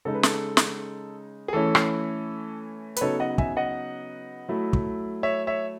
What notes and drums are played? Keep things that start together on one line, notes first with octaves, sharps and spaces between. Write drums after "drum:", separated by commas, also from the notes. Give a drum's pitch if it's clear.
C#3 G#3 D#4 A4
B4
A4, drum: snare
drum: snare
G#4
E3 A3 C#4 E4 A4
drum: rim click
B4, drum: hi-hat
C#3 F#3 B3 D#4 A4 C#5
D#5 F#5
E5 G#5, drum: kick
D#5 F#5
F#3 A3 E4
drum: kick
C#5 E5
C#5 E5